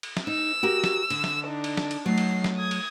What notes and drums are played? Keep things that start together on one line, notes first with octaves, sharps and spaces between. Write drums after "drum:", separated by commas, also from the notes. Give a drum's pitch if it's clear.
drum: cymbal
drum: snare
D#4 E6
F#4 G4 A#4
drum: snare
D3, drum: cymbal
drum: snare
D4 D#4
drum: cymbal
drum: snare
drum: cymbal
F#3 A3 D#4 C7
drum: cymbal
drum: snare
D#6 G#6
drum: cymbal